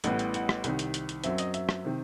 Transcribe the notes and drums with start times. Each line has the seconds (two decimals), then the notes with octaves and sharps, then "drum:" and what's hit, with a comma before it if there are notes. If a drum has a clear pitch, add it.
0.04 A1 A2 G3 B3 F#5, drum: hi-hat
0.19 drum: hi-hat
0.34 F#5, drum: hi-hat
0.49 drum: rim click
0.64 C2 C3 D#3, drum: hi-hat
0.79 drum: hi-hat
0.94 drum: hi-hat
1.09 drum: hi-hat
1.24 F#2 F#3 C4 E5, drum: hi-hat
1.38 D#5, drum: hi-hat
1.54 E5, drum: hi-hat
1.69 drum: rim click
1.85 C3 D#3